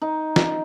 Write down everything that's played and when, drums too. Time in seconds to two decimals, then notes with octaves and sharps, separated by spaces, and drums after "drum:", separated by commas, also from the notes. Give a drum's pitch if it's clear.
0.02 D#4
0.36 drum: snare